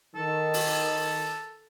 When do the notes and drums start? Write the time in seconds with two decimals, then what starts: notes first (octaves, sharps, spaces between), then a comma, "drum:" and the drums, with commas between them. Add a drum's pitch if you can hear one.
0.15 D#3 A4
0.54 drum: open hi-hat